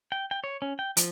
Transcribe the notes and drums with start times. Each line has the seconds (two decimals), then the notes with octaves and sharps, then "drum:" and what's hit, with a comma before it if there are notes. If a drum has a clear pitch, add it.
0.12 G5
0.31 G5
0.44 C#5
0.62 C#4
0.79 G5
0.97 F3, drum: hi-hat